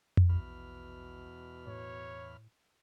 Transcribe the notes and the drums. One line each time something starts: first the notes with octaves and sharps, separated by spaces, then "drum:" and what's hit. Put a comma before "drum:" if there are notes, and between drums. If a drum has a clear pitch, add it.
drum: tom F2
A#1 E2 B2 B5 F6
A2 C#5